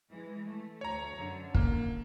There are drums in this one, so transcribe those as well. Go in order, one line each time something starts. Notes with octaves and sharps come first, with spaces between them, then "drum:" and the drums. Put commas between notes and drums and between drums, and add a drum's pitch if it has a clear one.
E3 G#3
A3
D2 C#5 A#5
F#2 D3
A#3, drum: kick